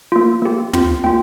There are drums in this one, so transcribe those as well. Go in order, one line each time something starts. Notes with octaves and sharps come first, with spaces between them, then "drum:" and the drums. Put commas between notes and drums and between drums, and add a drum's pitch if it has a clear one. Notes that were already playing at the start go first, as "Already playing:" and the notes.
A#3 F4
A#3 G4
C4 F4, drum: tom
A#3 F4 G5